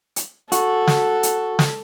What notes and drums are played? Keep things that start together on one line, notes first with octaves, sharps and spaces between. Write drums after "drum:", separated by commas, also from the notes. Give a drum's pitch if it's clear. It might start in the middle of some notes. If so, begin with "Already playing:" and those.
drum: hi-hat
F#4 A4, drum: hi-hat
drum: snare
drum: hi-hat
drum: snare